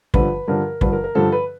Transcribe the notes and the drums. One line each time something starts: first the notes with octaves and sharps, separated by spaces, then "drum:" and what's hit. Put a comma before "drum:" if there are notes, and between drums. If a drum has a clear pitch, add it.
G2 D3 F3 B4, drum: kick
G2 D3 F3 A#4
G2 D3 F3 B4, drum: kick
A#4
A#4
G2 D3 F3 A4
B4